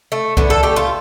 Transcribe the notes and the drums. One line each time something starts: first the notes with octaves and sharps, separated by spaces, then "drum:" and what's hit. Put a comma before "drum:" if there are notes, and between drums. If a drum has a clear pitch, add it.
A3
D3 B3, drum: kick C2
A4
A3 G4
F4